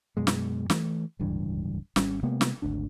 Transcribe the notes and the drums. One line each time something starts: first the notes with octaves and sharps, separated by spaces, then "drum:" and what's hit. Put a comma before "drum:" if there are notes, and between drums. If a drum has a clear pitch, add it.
F#2 B2 G#3
drum: snare
E3 A3, drum: snare
D1 C#2 G2 E3
G#1 G3 C#4, drum: snare
C3 G#3 A#3 B3
drum: snare
G#1 D2 D4